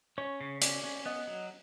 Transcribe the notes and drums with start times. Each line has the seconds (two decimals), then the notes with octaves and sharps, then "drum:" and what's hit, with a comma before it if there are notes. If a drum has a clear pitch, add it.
0.18 C#4 C#5
0.41 C#3
0.62 C#4 D5, drum: hi-hat
0.84 C#4
1.06 B3 D#5
1.27 F#3